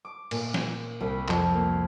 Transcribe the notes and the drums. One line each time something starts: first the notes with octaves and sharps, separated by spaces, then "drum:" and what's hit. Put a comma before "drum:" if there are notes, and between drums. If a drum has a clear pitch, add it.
D6
A#2, drum: cymbal
drum: snare
C2
F2, drum: clap
A#3